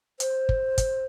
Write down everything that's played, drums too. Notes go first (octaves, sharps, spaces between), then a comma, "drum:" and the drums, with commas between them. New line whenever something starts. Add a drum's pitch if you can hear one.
C5, drum: hi-hat
drum: kick
drum: kick, hi-hat